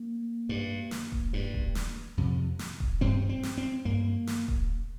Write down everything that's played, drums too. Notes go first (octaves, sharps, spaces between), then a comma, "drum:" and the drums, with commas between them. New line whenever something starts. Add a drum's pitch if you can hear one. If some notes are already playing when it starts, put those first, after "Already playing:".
Already playing: A#3
G2
drum: snare
drum: kick D#1
G2
drum: kick D#1
drum: snare
F2 C3
drum: snare
drum: kick D#1
G2 C4
C4
drum: snare
C4
G2 A#3
drum: snare
drum: kick D#1